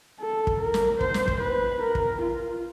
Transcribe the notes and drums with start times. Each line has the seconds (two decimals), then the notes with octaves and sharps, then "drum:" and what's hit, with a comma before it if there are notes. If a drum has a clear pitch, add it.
0.20 A4
0.47 drum: kick
0.60 A#4
0.74 drum: snare
1.01 C5, drum: kick
1.14 drum: snare
1.28 drum: kick
1.41 B4
1.82 A#4
1.95 drum: kick
2.22 F4